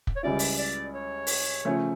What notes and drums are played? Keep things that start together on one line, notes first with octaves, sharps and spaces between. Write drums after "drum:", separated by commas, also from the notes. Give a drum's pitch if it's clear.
drum: kick
C#5
C#2 C#3 G3 C#4 E4 D5
drum: open hi-hat
D5
C#5
drum: open hi-hat
C#3 F3 A3 C#4